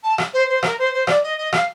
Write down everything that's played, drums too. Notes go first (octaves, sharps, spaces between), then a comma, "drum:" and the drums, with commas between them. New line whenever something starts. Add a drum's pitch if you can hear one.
A5
drum: rim click
C5
C5
A#4, drum: rim click
C5
C5
D5, drum: rim click
D#5
D#5
F5, drum: rim click